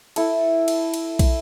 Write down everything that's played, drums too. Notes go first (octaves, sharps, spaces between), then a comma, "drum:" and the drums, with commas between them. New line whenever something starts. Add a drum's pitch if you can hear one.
E4 A4, drum: cymbal
drum: cymbal
drum: cymbal
drum: kick, cymbal